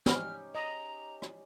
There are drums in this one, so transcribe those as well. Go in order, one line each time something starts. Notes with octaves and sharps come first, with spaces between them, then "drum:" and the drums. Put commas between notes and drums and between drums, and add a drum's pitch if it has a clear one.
C#4 D#4 G4 F6, drum: snare
D#5 A#5
drum: rim click